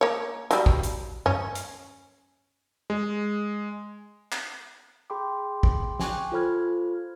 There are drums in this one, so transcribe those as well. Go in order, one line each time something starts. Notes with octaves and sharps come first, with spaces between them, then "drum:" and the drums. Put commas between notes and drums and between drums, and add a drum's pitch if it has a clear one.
A#3 C#5
F#3 G3, drum: hi-hat
drum: kick
drum: hi-hat
C#4, drum: tom G2
drum: hi-hat
G#3
drum: clap
G#4 G5 B5 C6 D6
drum: kick
G5 G#5 C#6 D6 F#6, drum: snare
F4 A4 C5 B5 F6 G#6